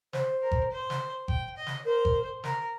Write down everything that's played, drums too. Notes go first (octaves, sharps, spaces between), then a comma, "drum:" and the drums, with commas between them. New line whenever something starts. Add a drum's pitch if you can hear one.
C5, drum: snare
A#4
drum: kick G1
C5
drum: snare
G5, drum: kick G1
D#5
drum: snare
A#4 C5
drum: kick G1
A#4, drum: snare